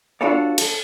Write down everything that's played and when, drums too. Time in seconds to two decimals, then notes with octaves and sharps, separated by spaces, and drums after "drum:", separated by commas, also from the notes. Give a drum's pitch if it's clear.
0.21 D4 F4 F#4 A4 C#5 D5
0.58 A4, drum: cymbal